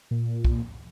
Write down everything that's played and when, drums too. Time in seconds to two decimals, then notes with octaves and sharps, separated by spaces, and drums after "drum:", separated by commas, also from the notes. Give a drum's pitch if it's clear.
0.11 A#2
0.45 drum: kick B1